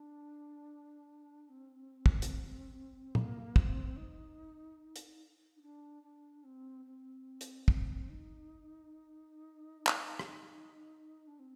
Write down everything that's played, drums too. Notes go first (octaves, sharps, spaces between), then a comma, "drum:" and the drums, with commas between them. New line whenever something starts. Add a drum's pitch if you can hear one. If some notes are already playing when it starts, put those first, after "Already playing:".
Already playing: D4
C4
drum: kick
drum: hi-hat
A#3, drum: tom
C4, drum: kick
D#4
drum: hi-hat
D#4
D4
D4
C4
C4
drum: hi-hat
drum: kick
D#4
drum: clap
drum: rim click
D4
C4